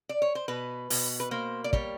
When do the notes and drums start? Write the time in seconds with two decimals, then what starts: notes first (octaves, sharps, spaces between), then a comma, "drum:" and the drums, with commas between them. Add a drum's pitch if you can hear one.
0.09 D5
0.22 C#5
0.35 C5
0.48 B2 B4
0.90 B2, drum: open hi-hat
1.20 B4
1.31 A#3 C5
1.64 D5
1.73 G3 C#5, drum: kick